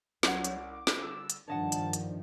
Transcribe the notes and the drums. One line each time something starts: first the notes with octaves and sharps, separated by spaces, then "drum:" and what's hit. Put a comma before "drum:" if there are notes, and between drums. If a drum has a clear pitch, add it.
C2 F#3 C#4 C#5 F#5, drum: snare
drum: hi-hat
D6
drum: snare
D3 G3 E6
drum: hi-hat
G2 D#3 F3 D4 C#5 D#5 F#5 A5
drum: hi-hat
drum: hi-hat